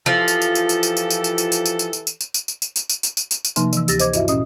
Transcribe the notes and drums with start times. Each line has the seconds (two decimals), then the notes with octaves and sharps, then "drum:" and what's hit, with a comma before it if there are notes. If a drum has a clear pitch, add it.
0.06 E3 F3 G4 A4
0.28 drum: tambourine
0.42 drum: tambourine
0.55 drum: tambourine
0.69 drum: tambourine
0.83 drum: tambourine
0.97 drum: tambourine
1.10 drum: tambourine
1.24 drum: tambourine
1.38 drum: tambourine
1.52 drum: tambourine
1.66 drum: tambourine
1.79 drum: tambourine
1.93 drum: tambourine
2.07 drum: tambourine
2.21 drum: tambourine
2.34 drum: tambourine
2.48 drum: tambourine
2.62 drum: tambourine
2.76 drum: tambourine
2.89 drum: tambourine
3.03 drum: tambourine
3.17 drum: tambourine
3.31 drum: tambourine
3.45 drum: tambourine
3.56 C3 F3 A#3 D#4 C6, drum: tambourine
3.73 E3 E6, drum: tambourine
3.88 D2 G4 E6 A6 A#6, drum: tambourine
3.99 C5 D#5 D6 G#6, drum: tambourine
4.13 G2 E4 F#4 D#5 E5, drum: tambourine
4.28 A#2 C#4 D#5 D#6, drum: tambourine